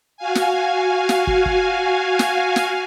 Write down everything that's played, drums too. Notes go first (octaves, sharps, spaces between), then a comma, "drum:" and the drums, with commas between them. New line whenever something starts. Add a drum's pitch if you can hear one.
F#4 F5 G#5
drum: snare
drum: snare
drum: kick
drum: kick
drum: snare
drum: snare